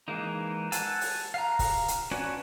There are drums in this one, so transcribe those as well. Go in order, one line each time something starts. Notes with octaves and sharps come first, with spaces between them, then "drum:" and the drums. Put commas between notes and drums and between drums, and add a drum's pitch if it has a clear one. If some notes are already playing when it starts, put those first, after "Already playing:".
E3 G#3 A#3 D#4
F#5 G#5 A5 E6, drum: hi-hat
drum: open hi-hat
F5 A#5
drum: kick, open hi-hat
drum: hi-hat
C#4 D4 F#4 B4 G#5